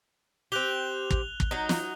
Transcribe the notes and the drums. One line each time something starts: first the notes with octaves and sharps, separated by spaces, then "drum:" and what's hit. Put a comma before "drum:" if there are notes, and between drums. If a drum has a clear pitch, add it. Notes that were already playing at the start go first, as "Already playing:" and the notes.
C4 G4 F#6 F7 G7
drum: kick
drum: kick
F#3 D#4
drum: snare